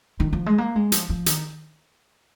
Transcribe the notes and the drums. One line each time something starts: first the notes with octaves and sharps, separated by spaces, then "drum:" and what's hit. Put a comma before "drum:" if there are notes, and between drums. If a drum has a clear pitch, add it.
D#3
F3
G#3
A#3
G#3
F3, drum: hi-hat
F3
D#3, drum: hi-hat